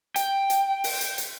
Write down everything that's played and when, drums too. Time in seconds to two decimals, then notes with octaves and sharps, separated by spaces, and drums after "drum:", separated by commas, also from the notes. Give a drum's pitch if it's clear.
0.16 G5, drum: hi-hat
0.50 drum: hi-hat
0.84 drum: open hi-hat
1.01 drum: hi-hat
1.18 drum: hi-hat